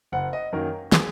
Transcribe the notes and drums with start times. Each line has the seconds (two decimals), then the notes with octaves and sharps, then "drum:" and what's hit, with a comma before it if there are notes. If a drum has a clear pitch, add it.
0.12 F#1 F#5
0.33 D#5
0.53 F#2 D#3 F#3 A#3 A#4
0.92 G#4, drum: snare